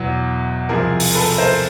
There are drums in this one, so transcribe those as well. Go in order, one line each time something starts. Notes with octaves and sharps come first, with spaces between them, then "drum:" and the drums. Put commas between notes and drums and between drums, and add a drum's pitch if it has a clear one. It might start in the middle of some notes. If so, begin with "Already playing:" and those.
Already playing: E2 B2 F#3
C2 C3 F3 G#4 A#4
drum: open hi-hat
A4 B4
A#4 C5